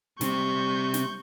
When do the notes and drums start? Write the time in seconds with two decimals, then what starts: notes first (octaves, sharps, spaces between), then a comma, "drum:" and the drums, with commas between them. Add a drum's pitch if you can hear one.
0.21 C3 G3 C4 C#6 G6, drum: snare
0.94 drum: snare